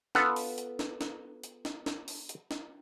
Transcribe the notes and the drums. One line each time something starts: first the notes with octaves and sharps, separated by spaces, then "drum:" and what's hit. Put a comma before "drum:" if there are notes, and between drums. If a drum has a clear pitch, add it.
B3 F4 A4 F#5, drum: snare
drum: open hi-hat
drum: hi-hat
drum: snare
drum: snare
drum: hi-hat
drum: snare
drum: snare
drum: open hi-hat
drum: hi-hat
drum: snare